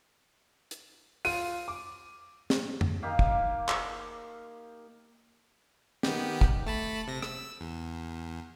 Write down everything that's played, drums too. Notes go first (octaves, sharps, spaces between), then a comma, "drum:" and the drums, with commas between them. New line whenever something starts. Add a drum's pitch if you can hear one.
drum: hi-hat
F4 D#7, drum: open hi-hat
D6
drum: snare
drum: tom F2
A#3 D#4 G4 F5
drum: kick
drum: clap
D#3 B3 G4, drum: snare
drum: kick
A3 A5 B5
C3 A#6
E6, drum: rim click
E2